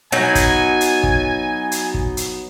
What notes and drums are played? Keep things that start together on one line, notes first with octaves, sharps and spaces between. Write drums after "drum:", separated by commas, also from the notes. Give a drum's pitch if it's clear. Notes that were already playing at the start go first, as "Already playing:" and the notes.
F#3 B3 D#4 G#5 G6
drum: kick, hi-hat
drum: hi-hat
drum: kick
drum: hi-hat
drum: kick
drum: hi-hat